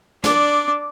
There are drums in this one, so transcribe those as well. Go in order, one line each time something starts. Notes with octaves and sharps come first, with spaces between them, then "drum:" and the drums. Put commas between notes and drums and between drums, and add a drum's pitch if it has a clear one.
D4 D5, drum: snare